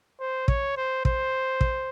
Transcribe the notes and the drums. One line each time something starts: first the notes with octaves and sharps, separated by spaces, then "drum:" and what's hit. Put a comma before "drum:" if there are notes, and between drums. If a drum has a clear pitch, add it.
C5
C#5, drum: kick
C5
C5, drum: kick
drum: kick